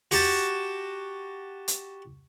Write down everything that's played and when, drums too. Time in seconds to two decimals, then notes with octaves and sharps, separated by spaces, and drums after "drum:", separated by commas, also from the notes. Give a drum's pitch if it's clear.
0.11 F#4 G4 A5, drum: open hi-hat
1.68 drum: hi-hat